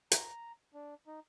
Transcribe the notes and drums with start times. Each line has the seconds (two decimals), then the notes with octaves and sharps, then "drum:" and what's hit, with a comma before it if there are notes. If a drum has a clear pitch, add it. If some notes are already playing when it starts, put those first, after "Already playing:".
0.12 A#5, drum: hi-hat
0.74 D4
1.07 D#4